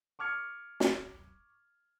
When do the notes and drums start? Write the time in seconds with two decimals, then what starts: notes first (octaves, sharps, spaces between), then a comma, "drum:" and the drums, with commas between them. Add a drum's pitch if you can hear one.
0.19 C#6 D6 F6 G#6 C#7
0.80 drum: snare